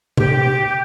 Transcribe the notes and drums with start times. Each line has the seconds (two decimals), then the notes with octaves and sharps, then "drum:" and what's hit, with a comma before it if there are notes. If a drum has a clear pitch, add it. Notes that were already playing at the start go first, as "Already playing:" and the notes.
0.17 G4, drum: tom